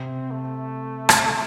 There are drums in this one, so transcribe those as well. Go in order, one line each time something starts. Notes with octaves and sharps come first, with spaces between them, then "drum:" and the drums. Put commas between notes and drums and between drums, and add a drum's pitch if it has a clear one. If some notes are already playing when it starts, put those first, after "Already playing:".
Already playing: C3 C4
A3
drum: rim click